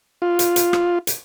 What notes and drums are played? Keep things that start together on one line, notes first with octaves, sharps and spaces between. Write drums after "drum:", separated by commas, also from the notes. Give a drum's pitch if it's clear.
F4
drum: hi-hat
drum: hi-hat
drum: rim click
drum: hi-hat